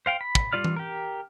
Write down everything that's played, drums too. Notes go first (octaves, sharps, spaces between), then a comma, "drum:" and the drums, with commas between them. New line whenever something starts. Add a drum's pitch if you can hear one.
C5 F5 G5
B5
drum: kick
G3 F4 D5 F6
drum: tom E3
G4 A#4